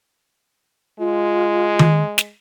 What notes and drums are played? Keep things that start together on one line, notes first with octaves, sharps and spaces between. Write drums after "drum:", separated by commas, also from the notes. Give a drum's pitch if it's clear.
G#3 F4
drum: tom D#3
drum: snare